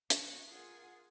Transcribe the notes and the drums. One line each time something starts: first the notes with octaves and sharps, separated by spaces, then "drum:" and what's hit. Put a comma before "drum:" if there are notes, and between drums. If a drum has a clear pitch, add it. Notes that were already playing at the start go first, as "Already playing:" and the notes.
F#4 B4, drum: hi-hat
F4 G#4 A#4 F#5 G#5